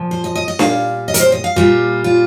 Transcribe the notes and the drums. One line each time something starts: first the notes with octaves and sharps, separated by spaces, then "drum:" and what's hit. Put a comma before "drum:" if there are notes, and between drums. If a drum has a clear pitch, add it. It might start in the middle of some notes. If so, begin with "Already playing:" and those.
Already playing: A#2 F3
C5
D#5
D#5
D#5
A#2 G3 F5, drum: snare D4
D#5
A#4, drum: hi-hat
C5
D#5
F5
A#2 G3 F4
F4